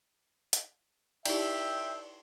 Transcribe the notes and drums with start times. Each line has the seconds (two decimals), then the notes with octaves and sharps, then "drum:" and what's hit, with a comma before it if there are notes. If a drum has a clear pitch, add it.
0.53 drum: hi-hat
1.26 D#4 E4 G4 D5 E5 G5, drum: cymbal